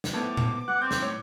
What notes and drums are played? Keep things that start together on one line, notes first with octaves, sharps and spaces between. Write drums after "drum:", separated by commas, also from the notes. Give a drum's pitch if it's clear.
drum: snare
A2 B3 C5 A5 D6 G#6
drum: tom A#2
G3 F#5 F#6
C4 G6
drum: snare
A2 C#5